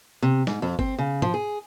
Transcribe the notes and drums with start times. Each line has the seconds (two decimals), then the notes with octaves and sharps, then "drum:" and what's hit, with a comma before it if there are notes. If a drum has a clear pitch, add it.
0.22 C3
0.47 G#2, drum: snare
0.62 F2
0.79 C4, drum: kick G1
0.99 C#3
1.22 F3, drum: tom
1.34 G#4